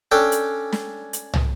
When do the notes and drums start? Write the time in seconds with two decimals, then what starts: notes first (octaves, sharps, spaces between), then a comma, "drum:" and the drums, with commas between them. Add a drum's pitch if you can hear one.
0.11 C#4 D4 A4 G5
0.32 drum: hi-hat
0.72 drum: snare
1.13 drum: hi-hat
1.34 drum: tom